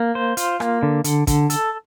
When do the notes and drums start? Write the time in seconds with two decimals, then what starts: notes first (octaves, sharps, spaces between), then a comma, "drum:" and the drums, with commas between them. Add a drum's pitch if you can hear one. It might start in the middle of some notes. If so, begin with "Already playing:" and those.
Already playing: A#3
0.15 C5
0.37 F4, drum: hi-hat
0.60 A#3, drum: rim click
0.83 D3
1.04 D3, drum: hi-hat
1.27 D3, drum: kick, hi-hat
1.50 A4, drum: hi-hat